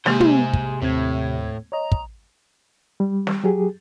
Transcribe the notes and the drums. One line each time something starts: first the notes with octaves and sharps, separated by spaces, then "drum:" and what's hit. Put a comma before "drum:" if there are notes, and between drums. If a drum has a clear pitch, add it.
C3 G#3 A#3 G4 G#4 C5, drum: snare
drum: tom
drum: kick
D#2 A2 C4 G#6
C#5 D#5 A#5
drum: kick
G3
drum: snare
F#3 G4 G#4